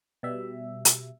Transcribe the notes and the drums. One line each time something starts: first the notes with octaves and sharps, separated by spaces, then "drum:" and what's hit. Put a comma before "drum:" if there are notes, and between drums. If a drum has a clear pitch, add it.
B2 G3 E5
drum: hi-hat